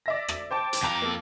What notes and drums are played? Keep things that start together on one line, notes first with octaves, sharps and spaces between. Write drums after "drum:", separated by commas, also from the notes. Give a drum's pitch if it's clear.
D5 E5 A#6
drum: rim click
C5 G5 A5 D6
drum: hi-hat
F2 F5 G5 A#5
A#3 A4